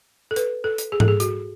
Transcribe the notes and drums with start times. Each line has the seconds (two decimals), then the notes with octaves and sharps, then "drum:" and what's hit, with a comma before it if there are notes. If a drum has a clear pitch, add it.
0.31 A4
0.36 B4, drum: hi-hat
0.64 A4
0.78 drum: hi-hat
0.92 G#4
1.00 A4, drum: tom G#2
1.08 G#4
1.20 F#4, drum: hi-hat